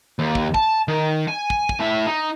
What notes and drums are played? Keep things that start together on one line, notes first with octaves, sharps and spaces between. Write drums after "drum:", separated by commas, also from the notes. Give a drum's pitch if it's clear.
D#2
drum: kick
A5, drum: kick
D#3
G#5
drum: kick
drum: kick
A2 E5
D#4